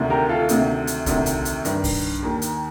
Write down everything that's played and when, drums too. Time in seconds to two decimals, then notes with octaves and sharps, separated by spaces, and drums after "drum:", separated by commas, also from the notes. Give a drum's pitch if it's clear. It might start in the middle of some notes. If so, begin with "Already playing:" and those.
Already playing: D2 C3 D#3
0.10 G4 A#4
0.29 F4 A4
0.49 D2 C3 D#3, drum: hi-hat
0.87 drum: hi-hat
1.06 D2 C3 D#3, drum: kick, hi-hat
1.26 drum: hi-hat
1.45 drum: hi-hat
1.65 G2 D#3, drum: hi-hat
1.84 drum: kick, open hi-hat
2.22 D#2 D#3
2.42 drum: hi-hat